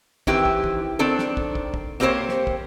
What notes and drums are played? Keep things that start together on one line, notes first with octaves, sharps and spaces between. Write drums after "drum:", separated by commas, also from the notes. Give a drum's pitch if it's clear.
D#3 E3 C4 G4, drum: kick
drum: kick
drum: kick
D#3 C4 D4 A4
drum: snare
drum: kick
drum: kick
drum: kick
A#3 C4 G4 A#4 C5 C#5
drum: snare
drum: kick